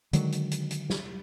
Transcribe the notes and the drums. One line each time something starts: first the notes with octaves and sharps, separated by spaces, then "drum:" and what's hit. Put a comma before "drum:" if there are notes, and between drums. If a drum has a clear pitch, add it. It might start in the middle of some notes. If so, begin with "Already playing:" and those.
D3 D#3 F#3 G#3, drum: hi-hat
drum: hi-hat
drum: hi-hat
drum: hi-hat
drum: snare